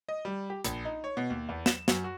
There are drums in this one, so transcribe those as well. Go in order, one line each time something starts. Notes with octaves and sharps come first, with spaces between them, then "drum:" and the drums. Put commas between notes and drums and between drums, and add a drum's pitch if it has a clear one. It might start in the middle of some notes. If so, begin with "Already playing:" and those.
D#5
G3
G4
A#1, drum: hi-hat
D#4
C#5
B2
D#2
E2
E7, drum: snare
F#2, drum: snare
F#4